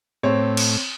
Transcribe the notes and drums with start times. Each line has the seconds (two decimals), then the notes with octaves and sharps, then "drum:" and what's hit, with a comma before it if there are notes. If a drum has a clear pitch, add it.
0.23 A2 C4 C#5
0.57 drum: cymbal